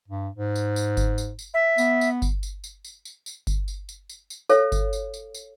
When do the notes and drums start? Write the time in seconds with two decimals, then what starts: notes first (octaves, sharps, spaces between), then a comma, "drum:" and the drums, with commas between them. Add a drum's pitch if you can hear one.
0.08 G2
0.35 G#2
0.55 drum: tambourine
0.76 drum: tambourine
0.97 drum: kick G1, tambourine
1.18 drum: tambourine
1.39 drum: tambourine
1.54 E5
1.78 B3, drum: tambourine
2.01 drum: tambourine
2.22 drum: kick G1, tambourine
2.43 drum: tambourine
2.64 drum: tambourine
2.85 drum: tambourine
3.05 drum: tambourine
3.26 drum: tambourine
3.47 drum: kick G1, tambourine
3.68 drum: tambourine
3.89 drum: tambourine
4.09 drum: tambourine
4.30 drum: tambourine
4.49 A4 C#5 F5, drum: tambourine
4.72 drum: kick G1, tambourine
4.93 drum: tambourine
5.14 drum: tambourine
5.34 drum: tambourine